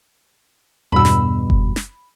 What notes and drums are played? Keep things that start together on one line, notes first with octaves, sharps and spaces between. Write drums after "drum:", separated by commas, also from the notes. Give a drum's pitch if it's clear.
E2 G2 B2 B5 E6
drum: snare
drum: kick F#1
drum: snare